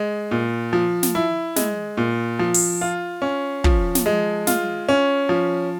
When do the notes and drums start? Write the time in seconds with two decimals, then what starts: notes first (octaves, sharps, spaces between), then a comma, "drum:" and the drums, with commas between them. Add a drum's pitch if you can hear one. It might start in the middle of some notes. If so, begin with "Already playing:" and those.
Already playing: G#3
0.31 A#2
0.73 F3
1.03 drum: snare
1.15 E4
1.56 G#3, drum: snare
1.97 A#2
2.39 F3
2.54 drum: open hi-hat
2.81 F4
3.22 C#4
3.64 F3, drum: kick
3.95 drum: snare
4.06 G#3
4.47 F4, drum: snare
4.89 C#4
5.29 F3